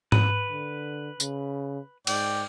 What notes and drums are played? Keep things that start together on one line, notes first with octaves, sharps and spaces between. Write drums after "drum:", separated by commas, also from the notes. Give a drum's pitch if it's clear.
B4, drum: tom G#2
D3
C#3, drum: tambourine
G#2 D5 G5, drum: cymbal